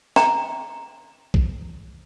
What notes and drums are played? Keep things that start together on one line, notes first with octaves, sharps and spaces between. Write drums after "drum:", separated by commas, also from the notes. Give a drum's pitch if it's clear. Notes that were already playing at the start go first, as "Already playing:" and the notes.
G5 A#5, drum: snare
drum: kick B1